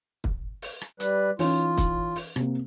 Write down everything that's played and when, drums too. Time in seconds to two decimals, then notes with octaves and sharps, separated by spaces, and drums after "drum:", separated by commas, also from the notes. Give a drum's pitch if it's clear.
0.24 drum: kick
0.62 drum: open hi-hat
0.81 drum: rim click
1.00 G3 B4, drum: hi-hat
1.39 E3 C#4 D#4 F4, drum: open hi-hat
1.77 drum: kick, hi-hat
2.16 drum: open hi-hat
2.36 C3 A#3, drum: rim click